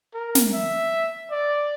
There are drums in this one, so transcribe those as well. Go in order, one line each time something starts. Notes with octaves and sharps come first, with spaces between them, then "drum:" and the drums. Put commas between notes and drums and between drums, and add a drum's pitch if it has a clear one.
A#4
drum: snare
E5
D5